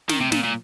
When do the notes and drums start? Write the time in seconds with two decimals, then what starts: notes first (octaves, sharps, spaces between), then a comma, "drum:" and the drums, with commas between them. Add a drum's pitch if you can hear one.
0.09 D#3, drum: snare
0.20 C3
0.32 A#2, drum: snare
0.44 A#2